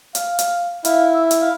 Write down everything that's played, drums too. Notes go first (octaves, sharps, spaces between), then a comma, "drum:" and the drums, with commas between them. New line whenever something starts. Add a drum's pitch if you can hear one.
F5, drum: hi-hat
drum: hi-hat
E4 F5, drum: hi-hat
E5
drum: hi-hat
F5